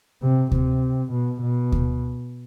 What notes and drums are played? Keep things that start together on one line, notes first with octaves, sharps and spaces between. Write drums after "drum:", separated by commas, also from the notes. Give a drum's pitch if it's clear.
C3
C3, drum: kick D2
B2
B2
drum: kick D2